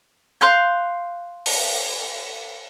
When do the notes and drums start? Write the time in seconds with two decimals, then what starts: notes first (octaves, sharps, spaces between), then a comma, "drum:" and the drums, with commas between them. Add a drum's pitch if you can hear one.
0.41 F5 C6 F#6 G6
1.46 drum: open hi-hat